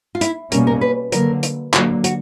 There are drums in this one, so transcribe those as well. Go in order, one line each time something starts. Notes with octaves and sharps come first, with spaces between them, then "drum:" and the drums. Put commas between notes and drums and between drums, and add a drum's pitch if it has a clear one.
F4
E4, drum: hi-hat
B2 G3 A#3 C#4 A#4, drum: hi-hat
A#4
B4
D3 F#3 A#3 A#4, drum: hi-hat
drum: hi-hat
D3 F#3 A#3 F4, drum: clap
F#4, drum: hi-hat